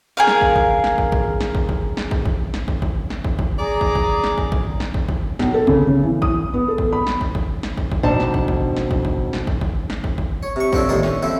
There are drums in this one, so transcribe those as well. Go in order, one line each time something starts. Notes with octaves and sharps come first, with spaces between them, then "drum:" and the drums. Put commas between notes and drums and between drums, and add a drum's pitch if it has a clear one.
G#4 A#4 F5
drum: snare
drum: kick
drum: kick
drum: snare
drum: kick
drum: kick
drum: snare
drum: kick
drum: kick
drum: snare
drum: kick
drum: kick
drum: snare
drum: kick
drum: kick
drum: snare
drum: kick
drum: kick
G#4 D5 A#5
drum: kick
drum: kick
drum: snare
drum: kick
drum: kick
drum: snare
drum: kick
drum: kick
B1, drum: snare
A4
C#3, drum: kick
C#3
E3
D#6, drum: kick
B3
A4
drum: kick
B5
drum: snare
drum: kick
drum: kick
drum: snare
drum: kick
drum: kick
F2 B2 D4 D#4 C5 A5
drum: snare
drum: kick
drum: kick
drum: snare
drum: kick
drum: kick
drum: snare
drum: kick
drum: kick
drum: snare
drum: kick
drum: kick
C#5
C3 C#6
F3 C4 D4 A4 C#5, drum: kick
D#2 A2 D#3 G#4 D5
C#4, drum: snare
F3 A3 C4 E4